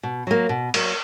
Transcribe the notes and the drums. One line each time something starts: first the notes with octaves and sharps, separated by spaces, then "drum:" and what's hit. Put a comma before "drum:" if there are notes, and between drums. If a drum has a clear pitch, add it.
B2
F#3 A#3
B2
F#3 A#3, drum: cymbal